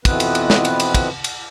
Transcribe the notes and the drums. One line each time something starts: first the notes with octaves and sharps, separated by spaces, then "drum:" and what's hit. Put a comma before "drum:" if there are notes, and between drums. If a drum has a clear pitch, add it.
F2 B2 E3 B3 C4 B4, drum: kick, cymbal
drum: cymbal
drum: cymbal
drum: snare
drum: cymbal
drum: cymbal
drum: kick, cymbal
drum: cymbal